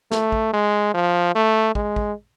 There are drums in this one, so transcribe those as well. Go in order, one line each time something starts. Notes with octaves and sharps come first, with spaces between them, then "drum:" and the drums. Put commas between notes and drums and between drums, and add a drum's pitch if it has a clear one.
A3, drum: snare
drum: kick
G#3
F3
A3
G#3, drum: kick
drum: kick